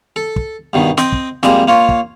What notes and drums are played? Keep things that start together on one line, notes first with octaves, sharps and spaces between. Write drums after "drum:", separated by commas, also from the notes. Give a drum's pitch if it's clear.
A4
drum: kick
G2 B2 D#3
C4 D#5 G5, drum: snare
drum: kick
F2 G3 G#3 A#3, drum: snare
A#3 F4 C#5
drum: kick